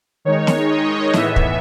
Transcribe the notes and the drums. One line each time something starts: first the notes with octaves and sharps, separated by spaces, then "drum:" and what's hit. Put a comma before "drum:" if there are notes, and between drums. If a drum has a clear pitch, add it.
D#3 G#3 D#4 C#5
drum: snare
D#5
A2 E3 B3 E5, drum: snare
drum: kick